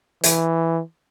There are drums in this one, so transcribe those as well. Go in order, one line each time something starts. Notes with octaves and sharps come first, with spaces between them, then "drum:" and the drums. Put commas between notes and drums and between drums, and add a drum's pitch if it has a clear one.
E3, drum: hi-hat